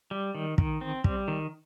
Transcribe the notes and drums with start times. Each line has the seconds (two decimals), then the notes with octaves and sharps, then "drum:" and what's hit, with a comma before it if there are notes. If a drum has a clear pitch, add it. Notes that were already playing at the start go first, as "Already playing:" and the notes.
0.11 G3
0.35 D#3
0.58 D#3, drum: kick
0.81 C4
1.04 G3, drum: kick
1.28 D#3